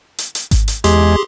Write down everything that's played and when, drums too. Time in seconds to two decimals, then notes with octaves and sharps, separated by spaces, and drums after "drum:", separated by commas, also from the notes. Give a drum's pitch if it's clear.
0.18 drum: hi-hat
0.35 drum: hi-hat
0.51 drum: kick G#1, hi-hat
0.68 drum: hi-hat
0.84 E2 G#3 G4 G#4 C6, drum: hi-hat